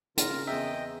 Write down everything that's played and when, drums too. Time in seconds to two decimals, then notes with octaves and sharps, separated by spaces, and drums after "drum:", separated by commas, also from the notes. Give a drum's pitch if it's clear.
0.17 C#3 C4 F4 A#4, drum: hi-hat
0.47 E2 G#4 D#5 E5 G5 A#5